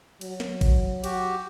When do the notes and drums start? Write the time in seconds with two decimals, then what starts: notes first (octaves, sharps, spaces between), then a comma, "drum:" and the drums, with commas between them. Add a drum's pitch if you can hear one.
0.21 F#3, drum: cymbal
0.40 drum: snare
0.61 drum: kick G#1, cymbal
1.04 F#4 G4, drum: cymbal